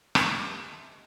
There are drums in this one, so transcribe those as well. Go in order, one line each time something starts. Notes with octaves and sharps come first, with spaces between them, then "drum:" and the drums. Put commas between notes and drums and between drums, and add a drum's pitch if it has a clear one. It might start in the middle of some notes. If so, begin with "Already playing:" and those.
G4 D#5 E5 G#5 A5 C6, drum: rim click